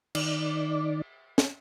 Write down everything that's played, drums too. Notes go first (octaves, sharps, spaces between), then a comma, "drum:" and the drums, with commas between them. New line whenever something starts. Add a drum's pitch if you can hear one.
D#3 D5, drum: cymbal
drum: snare